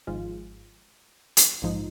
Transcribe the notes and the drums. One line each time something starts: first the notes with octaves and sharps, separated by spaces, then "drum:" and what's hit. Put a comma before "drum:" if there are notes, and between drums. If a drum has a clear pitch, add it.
G#1 G#2 F3 G#3 F4
drum: hi-hat
A#1 G#2 F3 G#3 D#4